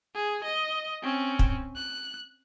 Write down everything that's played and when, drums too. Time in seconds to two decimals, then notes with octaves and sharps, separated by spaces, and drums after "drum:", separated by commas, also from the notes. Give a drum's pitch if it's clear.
0.15 G#4
0.44 D#5
1.03 C4 C#4
1.39 drum: kick
1.76 F#6